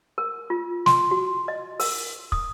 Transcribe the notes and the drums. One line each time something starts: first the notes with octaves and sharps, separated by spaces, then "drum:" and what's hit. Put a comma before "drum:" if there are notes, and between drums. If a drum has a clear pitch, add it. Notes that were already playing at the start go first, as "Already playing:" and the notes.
A#4
F4
C6, drum: snare
F#4
D#5
A#4, drum: open hi-hat
D#6, drum: kick